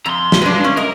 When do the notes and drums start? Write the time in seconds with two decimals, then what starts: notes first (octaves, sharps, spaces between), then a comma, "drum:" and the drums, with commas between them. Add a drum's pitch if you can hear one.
0.06 F2 A#5 C6
0.32 drum: snare
0.42 G#3 D4 B4 F5
0.64 C#4
0.77 A#4 D#5